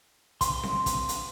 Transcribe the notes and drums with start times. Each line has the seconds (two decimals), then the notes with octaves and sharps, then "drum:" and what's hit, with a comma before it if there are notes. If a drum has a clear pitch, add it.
0.41 C6, drum: kick, hi-hat
0.63 drum: snare C4
0.86 drum: kick, hi-hat
1.09 drum: hi-hat